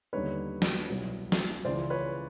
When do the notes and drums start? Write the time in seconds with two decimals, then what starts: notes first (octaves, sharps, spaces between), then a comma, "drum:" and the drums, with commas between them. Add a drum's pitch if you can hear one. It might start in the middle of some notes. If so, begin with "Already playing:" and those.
0.13 D#2 D3 G3 B3 D#4 B4 C#5
0.62 drum: snare
0.90 C2 B2 F#3
1.32 drum: snare
1.65 C#2 C#3 E3 C5 D5
1.90 B4 C#5